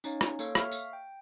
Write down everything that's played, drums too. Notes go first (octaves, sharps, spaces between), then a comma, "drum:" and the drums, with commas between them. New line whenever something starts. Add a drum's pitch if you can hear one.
C#4 D#4 C#5 F5, drum: tambourine
drum: rim click
A#3 A4 C#5 F5, drum: tambourine
E5 F5 C#6 F6, drum: rim click
drum: tambourine
G5